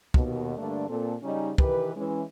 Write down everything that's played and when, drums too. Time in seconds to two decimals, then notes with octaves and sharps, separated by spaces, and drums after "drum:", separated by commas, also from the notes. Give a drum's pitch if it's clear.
0.14 D#2 B2, drum: kick
0.58 G2 D3 A3 A#3 D4
0.89 A#2 C4 A4
1.23 C#3 G3 C#4 D#4
1.58 D#3 E3 G4 B4, drum: kick
1.96 E3 G#3 C#4